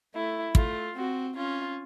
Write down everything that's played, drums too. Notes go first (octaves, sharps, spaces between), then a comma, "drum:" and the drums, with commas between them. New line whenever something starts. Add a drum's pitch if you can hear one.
A3 E4
A3 F4, drum: kick
C4 F#4
C#4 F4